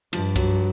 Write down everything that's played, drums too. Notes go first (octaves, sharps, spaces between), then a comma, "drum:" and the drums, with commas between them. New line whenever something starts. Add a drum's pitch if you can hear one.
G2 F3, drum: cymbal
F#3, drum: kick C2, cymbal